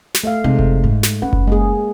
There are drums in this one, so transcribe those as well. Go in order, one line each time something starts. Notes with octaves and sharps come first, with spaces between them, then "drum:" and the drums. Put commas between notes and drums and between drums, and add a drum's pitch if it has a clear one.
drum: snare
A3 E5 F5
C3 G#3 D#4 A4
drum: kick F#1
G#2
drum: snare
C#4 B4 F#5
drum: kick F#1
G#3 A#3 G#4